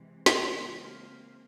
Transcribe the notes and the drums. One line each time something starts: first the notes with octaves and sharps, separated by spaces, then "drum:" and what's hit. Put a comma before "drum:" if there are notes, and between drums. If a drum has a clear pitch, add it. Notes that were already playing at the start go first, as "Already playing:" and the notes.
Already playing: C3 E3 G#3
C#3 E3 G#3 B3, drum: snare
A#3 C4